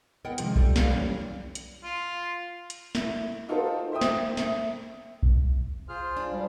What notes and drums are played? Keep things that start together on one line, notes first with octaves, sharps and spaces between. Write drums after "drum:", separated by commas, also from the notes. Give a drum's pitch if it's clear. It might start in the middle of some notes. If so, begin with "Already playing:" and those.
B3 E4 A#4 D#5 F#5 G5
C3 D#3 F3 G#3, drum: hi-hat
G3 A3, drum: kick B1
B4 D5 F5, drum: snare
F#2 E3 G3 C#4 D4
drum: hi-hat
F4
drum: hi-hat
E4, drum: snare
D#4 F4 F#4 A4 A#4 C5
C5 E5 G5 D#6
drum: snare
E5, drum: snare
drum: kick B1
F4 G#4 C5 F6
D4
D2 F3 G3